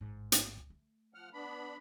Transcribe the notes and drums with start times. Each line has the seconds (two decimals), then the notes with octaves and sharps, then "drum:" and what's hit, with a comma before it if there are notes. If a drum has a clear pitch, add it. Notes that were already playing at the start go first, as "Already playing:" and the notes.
0.01 A1 G#2
0.32 drum: hi-hat
0.57 C#2
0.70 A3
1.14 F3 F#5 F6
1.33 B3 D4 B5